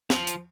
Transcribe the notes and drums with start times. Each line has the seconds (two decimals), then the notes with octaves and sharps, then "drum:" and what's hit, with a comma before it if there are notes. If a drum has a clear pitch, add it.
0.10 F3, drum: snare
0.27 drum: hi-hat